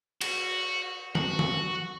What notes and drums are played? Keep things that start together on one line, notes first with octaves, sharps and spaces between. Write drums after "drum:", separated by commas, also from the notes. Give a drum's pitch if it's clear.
F#4, drum: cymbal
F#4, drum: tom D#3
drum: tom D#3